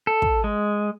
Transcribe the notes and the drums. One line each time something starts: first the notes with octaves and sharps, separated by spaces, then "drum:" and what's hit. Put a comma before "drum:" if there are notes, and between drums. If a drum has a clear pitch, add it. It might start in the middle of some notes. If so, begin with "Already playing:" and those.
A4
drum: kick
G#3